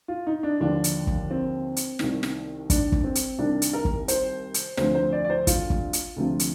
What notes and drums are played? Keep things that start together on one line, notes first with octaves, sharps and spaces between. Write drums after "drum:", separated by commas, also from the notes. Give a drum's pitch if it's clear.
F4
D#4
D4
D#2 D3 F3 D4
drum: hi-hat
drum: kick
C4
drum: hi-hat
C2 C3 D#3, drum: snare
drum: snare
D4, drum: kick, hi-hat
drum: kick
C4
drum: hi-hat
C2 C3 D#3 D4
drum: hi-hat
A#4
drum: kick
C5, drum: hi-hat
drum: hi-hat
D2 C3 F3 C5, drum: snare
C5
D5
D5
C5
F4, drum: kick, hi-hat
drum: kick
drum: hi-hat
D2 C3 F3
drum: hi-hat